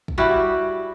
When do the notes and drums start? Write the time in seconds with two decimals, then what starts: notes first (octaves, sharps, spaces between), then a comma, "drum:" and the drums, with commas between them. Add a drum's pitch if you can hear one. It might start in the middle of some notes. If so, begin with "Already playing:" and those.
0.08 drum: kick
0.18 G3 E4 F#4 G4